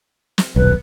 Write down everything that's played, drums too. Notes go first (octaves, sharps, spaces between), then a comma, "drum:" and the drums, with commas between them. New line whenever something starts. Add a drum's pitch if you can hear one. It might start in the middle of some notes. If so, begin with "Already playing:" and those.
drum: snare
D#1 B1 B4